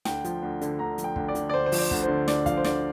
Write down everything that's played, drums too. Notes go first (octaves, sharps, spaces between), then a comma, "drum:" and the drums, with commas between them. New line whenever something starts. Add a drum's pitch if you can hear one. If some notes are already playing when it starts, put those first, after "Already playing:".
D2 G5, drum: snare
F3, drum: hi-hat
D2
D3, drum: hi-hat
D2 A#5
F3, drum: hi-hat
G5
D2, drum: kick
D5
D3, drum: hi-hat
D5
D2 C5
C5
F3, drum: open hi-hat
D5
D2, drum: kick
C5
D3
D2 D5, drum: snare
F3 F5, drum: kick, hi-hat
C5
D2 D5, drum: snare